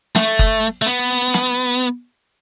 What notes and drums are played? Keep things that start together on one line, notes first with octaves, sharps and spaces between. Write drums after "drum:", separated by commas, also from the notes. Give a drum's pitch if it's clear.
A3, drum: snare
drum: kick F#1
A3
B3
drum: snare